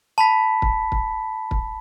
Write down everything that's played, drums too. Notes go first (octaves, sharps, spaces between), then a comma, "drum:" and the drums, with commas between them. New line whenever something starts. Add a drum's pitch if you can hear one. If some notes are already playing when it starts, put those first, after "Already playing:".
A5 B5 B6
drum: kick
drum: kick
drum: kick